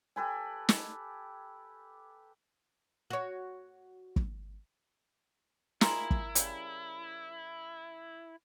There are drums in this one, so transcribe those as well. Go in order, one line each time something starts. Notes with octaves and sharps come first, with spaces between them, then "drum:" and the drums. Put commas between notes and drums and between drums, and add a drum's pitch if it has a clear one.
G4 A4 B4 G#5
drum: snare
F#4 C#5
drum: kick
E4 F4 G#4 A#4, drum: snare
drum: kick
C#3 G3, drum: hi-hat